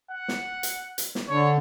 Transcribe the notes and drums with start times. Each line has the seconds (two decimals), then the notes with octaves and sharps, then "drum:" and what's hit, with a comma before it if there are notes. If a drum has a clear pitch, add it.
0.11 F#5
0.28 drum: snare
0.63 drum: hi-hat
0.98 drum: hi-hat
1.15 drum: snare
1.29 D3 C#5